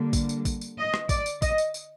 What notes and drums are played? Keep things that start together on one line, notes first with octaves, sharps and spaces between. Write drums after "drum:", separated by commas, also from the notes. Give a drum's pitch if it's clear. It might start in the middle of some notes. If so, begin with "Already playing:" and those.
Already playing: D3 G3 A#3
drum: kick A1, tambourine
drum: tambourine
drum: kick A1, tambourine
drum: tambourine
D#5
drum: rim click
D5, drum: kick A1, tambourine
drum: tambourine
D#5, drum: kick A1, tambourine
drum: tambourine
drum: tambourine